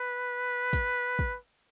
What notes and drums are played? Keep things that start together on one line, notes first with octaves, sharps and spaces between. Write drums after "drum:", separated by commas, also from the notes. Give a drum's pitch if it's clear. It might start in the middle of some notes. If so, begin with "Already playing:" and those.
Already playing: B4
drum: kick, hi-hat
drum: kick